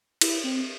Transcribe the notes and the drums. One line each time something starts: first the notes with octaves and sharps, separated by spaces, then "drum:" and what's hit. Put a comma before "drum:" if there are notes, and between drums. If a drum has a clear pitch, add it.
E4, drum: cymbal
C4